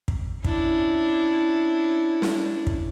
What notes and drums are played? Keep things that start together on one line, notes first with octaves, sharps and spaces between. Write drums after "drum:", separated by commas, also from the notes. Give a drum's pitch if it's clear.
drum: kick
C#4 D4 E4, drum: kick
drum: snare
drum: kick